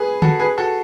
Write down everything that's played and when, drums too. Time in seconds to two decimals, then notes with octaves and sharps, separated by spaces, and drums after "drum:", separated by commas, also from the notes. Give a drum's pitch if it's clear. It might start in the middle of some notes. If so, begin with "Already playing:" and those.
Already playing: G#4 B4
0.22 F#4 A4, drum: tom D3
0.39 G#4 B4
0.58 F#4 A4